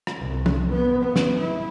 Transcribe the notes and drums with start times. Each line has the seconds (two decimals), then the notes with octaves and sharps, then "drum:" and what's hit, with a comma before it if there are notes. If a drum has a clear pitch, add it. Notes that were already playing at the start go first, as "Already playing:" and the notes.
0.07 drum: rim click
0.18 C2
0.46 drum: tom
0.70 B3
1.02 B3
1.16 drum: snare
1.37 E4